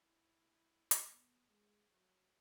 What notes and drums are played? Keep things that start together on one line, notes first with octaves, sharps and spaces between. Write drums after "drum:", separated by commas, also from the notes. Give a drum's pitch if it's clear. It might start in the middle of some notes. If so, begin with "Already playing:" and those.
Already playing: E4
drum: hi-hat
B3
G#3
F#3